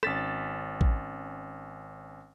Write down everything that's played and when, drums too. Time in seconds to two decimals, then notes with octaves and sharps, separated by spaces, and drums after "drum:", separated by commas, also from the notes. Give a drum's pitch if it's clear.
0.03 G#1 C#4 A6 B6 E7, drum: rim click
0.81 drum: kick A1